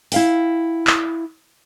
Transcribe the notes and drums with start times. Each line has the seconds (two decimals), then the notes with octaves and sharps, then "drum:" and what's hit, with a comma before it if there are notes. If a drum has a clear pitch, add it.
0.12 E4 F5 G5, drum: open hi-hat
0.87 drum: clap